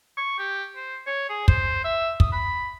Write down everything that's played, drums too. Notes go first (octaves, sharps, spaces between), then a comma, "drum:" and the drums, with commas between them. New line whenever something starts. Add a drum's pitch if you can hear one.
C#6
G4
C5
C#5
G#4
C5, drum: kick
E5
D#6, drum: kick
B5